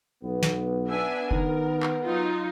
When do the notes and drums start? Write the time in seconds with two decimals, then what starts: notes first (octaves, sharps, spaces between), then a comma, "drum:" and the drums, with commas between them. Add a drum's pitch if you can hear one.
0.24 B1 B3
0.43 drum: snare
0.88 D4 E5 G#5
1.31 D#3 A#4, drum: kick F1
1.83 drum: clap
2.05 F#3 D#4 F4